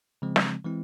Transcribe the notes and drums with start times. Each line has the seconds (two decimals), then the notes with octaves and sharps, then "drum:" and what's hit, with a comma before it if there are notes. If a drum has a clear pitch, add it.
0.22 C#3 F3 G#3 C4
0.36 drum: snare
0.64 E3 G#3 C4 E4